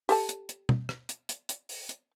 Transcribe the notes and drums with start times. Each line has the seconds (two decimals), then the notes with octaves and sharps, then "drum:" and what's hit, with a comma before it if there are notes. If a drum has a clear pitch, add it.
0.09 G4 A4 A5, drum: open hi-hat
0.29 drum: hi-hat
0.49 drum: hi-hat
0.69 drum: tom B2
0.89 drum: rim click
1.09 drum: hi-hat
1.29 drum: hi-hat
1.49 drum: hi-hat
1.69 drum: open hi-hat
1.89 drum: hi-hat